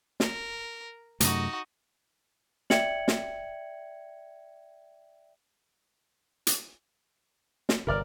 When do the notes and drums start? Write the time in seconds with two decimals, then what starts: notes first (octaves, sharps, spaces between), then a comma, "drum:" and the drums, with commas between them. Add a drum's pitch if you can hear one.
0.20 A#4, drum: snare
1.20 F#2 C3 A3 D#4 F#4, drum: hi-hat
2.70 D5 E5 G5 G#6 C#7 F#7, drum: snare
3.08 drum: snare
6.47 drum: hi-hat
7.69 drum: snare
7.87 G1 C3 A#4 D5 F6